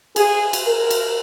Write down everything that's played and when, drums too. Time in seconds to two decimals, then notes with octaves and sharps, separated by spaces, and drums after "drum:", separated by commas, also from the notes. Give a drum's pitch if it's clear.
0.16 G#4, drum: cymbal
0.53 drum: cymbal
0.66 A#4
0.90 drum: cymbal